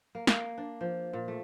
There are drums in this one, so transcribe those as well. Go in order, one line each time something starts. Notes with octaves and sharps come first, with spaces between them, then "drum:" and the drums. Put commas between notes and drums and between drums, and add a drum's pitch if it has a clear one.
A#3
A#3, drum: snare
D4
F3
A#2
A3